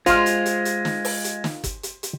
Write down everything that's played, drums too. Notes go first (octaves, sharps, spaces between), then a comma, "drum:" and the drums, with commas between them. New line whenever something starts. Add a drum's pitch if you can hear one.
G#3 F4 C5 F5, drum: kick G1, hi-hat
drum: hi-hat
drum: hi-hat
drum: hi-hat
drum: snare
drum: open hi-hat
drum: hi-hat
drum: snare
drum: kick G1, hi-hat
drum: hi-hat
drum: hi-hat